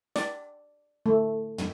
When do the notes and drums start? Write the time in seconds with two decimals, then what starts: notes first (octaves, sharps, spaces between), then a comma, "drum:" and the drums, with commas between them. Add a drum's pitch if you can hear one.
0.16 D5, drum: snare
1.06 A3
1.58 drum: tom